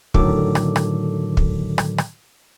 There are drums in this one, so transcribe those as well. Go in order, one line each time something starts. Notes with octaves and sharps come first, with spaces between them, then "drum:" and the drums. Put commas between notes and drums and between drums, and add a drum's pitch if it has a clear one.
A2 D3 D#3 F#3 A4 D6, drum: kick
drum: rim click
drum: rim click
drum: kick
drum: rim click
drum: rim click